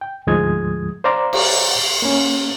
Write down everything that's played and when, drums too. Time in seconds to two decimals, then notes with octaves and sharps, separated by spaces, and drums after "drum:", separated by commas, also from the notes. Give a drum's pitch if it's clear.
0.01 G5
0.27 D2 G#2 F3 G#3 D#6 G#6
1.04 C5 D5 F5 A#5 D6
1.33 drum: cymbal
2.02 A#3 C#4